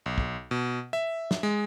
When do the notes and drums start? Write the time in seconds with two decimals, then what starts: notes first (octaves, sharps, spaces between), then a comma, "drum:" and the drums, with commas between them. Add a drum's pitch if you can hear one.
0.06 B1
0.18 drum: kick
0.51 B2
0.93 E5
1.31 drum: snare
1.43 G#3